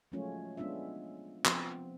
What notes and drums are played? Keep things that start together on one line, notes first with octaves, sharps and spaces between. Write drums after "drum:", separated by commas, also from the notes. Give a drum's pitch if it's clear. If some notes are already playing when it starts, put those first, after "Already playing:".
F3 F#3 G#3 A3 C#4 F4
G#3 B3 C#4 D4 F4 E5
F3 B3 C4, drum: clap